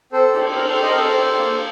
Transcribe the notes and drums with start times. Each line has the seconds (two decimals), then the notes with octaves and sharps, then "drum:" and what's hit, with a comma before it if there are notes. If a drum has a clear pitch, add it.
0.12 C4 A4 C5
0.34 G4, drum: cymbal
0.55 C4 A#4
0.69 A4 C5
0.76 G4
0.82 C5 D#5
0.91 A#4
0.96 C4 A4 C5
1.18 G4
1.38 A#3